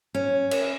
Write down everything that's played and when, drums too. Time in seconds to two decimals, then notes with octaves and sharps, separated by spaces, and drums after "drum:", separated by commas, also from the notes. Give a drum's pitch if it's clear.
0.14 C#4
0.51 drum: cymbal